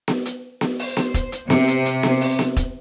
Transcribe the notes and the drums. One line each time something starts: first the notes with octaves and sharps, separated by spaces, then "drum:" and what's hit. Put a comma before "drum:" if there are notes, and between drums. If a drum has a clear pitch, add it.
drum: snare B3
drum: hi-hat
drum: snare B3
C5, drum: open hi-hat
drum: snare B3
drum: kick E1, hi-hat
drum: hi-hat
C3, drum: snare B3
drum: hi-hat
drum: hi-hat
drum: snare B3
drum: open hi-hat
drum: snare B3
drum: kick E1, hi-hat